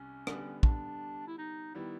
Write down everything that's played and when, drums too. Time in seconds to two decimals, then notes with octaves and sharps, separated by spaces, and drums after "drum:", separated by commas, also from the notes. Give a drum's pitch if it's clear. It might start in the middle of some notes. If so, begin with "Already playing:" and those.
Already playing: C2 C#4
0.27 D3 G3 B3, drum: rim click
0.63 D4, drum: kick
1.27 E4
1.38 D#4
1.75 D#3 G3 B3 E4